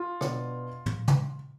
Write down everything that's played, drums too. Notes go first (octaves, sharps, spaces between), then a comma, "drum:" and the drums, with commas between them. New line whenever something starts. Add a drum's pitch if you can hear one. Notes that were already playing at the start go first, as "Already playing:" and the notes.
Already playing: F4
B2 B3 D4, drum: rim click
drum: tom
drum: tom